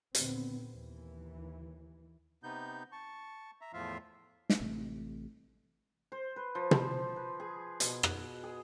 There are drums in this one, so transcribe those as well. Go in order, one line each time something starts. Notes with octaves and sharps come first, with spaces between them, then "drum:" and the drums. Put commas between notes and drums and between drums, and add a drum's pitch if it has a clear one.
D#2 A#2 D3 B3 C4, drum: hi-hat
D#2 E3
C3 B3 D#4 G6
A5 C#6
E5 A#5
E2 A2 F3 F4 E5 F5
drum: snare
A1 A2 C3 A3
C5
B4
F3
C5, drum: tom
B4
G#4
B2, drum: hi-hat
F#5, drum: rim click
G#4